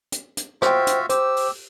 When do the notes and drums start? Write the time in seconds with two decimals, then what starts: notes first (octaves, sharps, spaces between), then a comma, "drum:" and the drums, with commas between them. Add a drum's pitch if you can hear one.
0.12 drum: hi-hat
0.37 drum: hi-hat
0.62 F4 F#4 C5 E5 G5, drum: rim click
0.87 drum: hi-hat
1.09 G4 C5 E6, drum: hi-hat
1.37 drum: open hi-hat